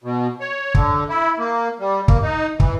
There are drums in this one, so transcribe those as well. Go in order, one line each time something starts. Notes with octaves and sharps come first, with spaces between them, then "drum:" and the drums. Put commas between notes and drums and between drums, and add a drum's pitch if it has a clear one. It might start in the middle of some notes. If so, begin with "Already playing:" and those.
B2
C#5
D3, drum: kick
E4
A#3
G3
A#3, drum: kick
D#4
E3, drum: kick